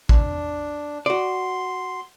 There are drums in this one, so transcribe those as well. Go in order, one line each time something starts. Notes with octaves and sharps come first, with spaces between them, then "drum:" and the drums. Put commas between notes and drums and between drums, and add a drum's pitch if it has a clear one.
D4, drum: kick A1
F#4 D5 C6